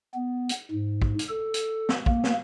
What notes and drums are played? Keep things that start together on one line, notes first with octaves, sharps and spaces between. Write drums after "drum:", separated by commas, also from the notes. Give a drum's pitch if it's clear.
B3
drum: hi-hat
G#2
drum: kick
drum: hi-hat
A4
drum: hi-hat
drum: snare
A#3, drum: kick
drum: snare